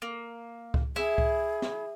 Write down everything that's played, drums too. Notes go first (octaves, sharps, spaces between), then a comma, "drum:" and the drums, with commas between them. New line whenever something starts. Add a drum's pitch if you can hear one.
A#3
drum: kick C#2
E4 G#4, drum: snare
drum: kick C#2
drum: snare